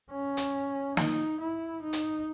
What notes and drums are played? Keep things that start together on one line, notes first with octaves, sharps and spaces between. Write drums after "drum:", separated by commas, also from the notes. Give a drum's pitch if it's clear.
C#4
drum: hi-hat
D#4, drum: snare
E4
D#4
drum: hi-hat